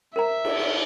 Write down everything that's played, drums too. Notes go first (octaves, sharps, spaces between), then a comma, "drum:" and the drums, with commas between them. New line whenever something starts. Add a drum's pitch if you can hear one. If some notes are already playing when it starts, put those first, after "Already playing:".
A#4 C5 E5 A#5
drum: cymbal
drum: cymbal